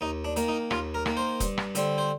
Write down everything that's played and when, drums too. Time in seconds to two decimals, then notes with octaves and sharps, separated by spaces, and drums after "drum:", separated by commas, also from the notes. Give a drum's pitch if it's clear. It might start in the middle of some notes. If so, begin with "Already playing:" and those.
0.01 D#2 D#4
0.25 D4
0.36 D#3 A#3, drum: hi-hat
0.48 D#4
0.71 D#2 F4, drum: rim click
0.94 A#4
1.06 D#3 A#3, drum: rim click
1.17 C5
1.40 G2, drum: kick, hi-hat
1.58 drum: rim click
1.75 D3 G3 C4, drum: hi-hat
1.98 C5